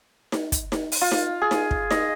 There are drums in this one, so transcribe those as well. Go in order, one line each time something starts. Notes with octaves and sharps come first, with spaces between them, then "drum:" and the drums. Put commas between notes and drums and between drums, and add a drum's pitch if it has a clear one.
drum: snare D#4
drum: kick, hi-hat
drum: snare D#4
drum: open hi-hat
F4
drum: snare D#4
G#4
drum: snare D#4
drum: kick
D#5, drum: snare D#4